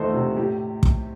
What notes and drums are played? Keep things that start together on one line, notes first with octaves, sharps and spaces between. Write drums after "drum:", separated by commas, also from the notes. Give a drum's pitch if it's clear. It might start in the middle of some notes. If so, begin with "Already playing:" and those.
Already playing: E2 D#3 A3 A4 C5 D#5 F#5
C3
A2 G4
drum: kick